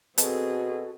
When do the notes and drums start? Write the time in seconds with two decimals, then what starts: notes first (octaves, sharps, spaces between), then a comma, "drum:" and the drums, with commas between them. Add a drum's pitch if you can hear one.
0.18 B2 C4 F#4 G#4 A4, drum: hi-hat